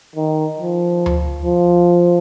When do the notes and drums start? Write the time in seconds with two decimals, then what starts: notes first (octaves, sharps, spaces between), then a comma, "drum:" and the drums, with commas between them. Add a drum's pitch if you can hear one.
0.15 D#3
0.58 F3
1.06 drum: tom D2
1.42 F3